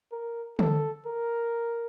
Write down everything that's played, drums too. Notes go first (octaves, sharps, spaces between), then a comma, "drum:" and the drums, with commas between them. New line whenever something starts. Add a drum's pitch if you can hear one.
A#4
A4, drum: tom D3
A#4